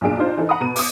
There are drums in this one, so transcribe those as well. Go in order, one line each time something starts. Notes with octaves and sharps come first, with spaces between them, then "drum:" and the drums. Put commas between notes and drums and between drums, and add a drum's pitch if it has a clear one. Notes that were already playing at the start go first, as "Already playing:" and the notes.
B1 F#2 A#2 D4 G#4 D7
D4 D#4 F4 C5
E3 D#4 A4
F#5 A#5 B5 D#6
B2 D#7
D6 D#6, drum: open hi-hat